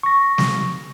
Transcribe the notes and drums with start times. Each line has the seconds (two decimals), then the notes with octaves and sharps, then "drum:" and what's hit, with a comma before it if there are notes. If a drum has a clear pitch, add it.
0.03 C#6 A#6
0.38 drum: snare